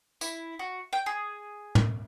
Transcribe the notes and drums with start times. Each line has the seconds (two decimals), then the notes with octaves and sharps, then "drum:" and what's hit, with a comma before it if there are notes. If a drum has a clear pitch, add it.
0.21 E4, drum: tambourine
0.59 F#4
0.93 G5
1.06 G#4
1.75 drum: tom